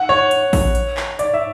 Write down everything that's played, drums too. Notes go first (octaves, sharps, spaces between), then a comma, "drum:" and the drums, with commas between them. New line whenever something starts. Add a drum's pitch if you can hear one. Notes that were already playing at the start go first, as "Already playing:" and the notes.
Already playing: F#5
C#5
drum: hi-hat
drum: kick A#1, open hi-hat
drum: hi-hat
drum: clap
D5, drum: hi-hat
E5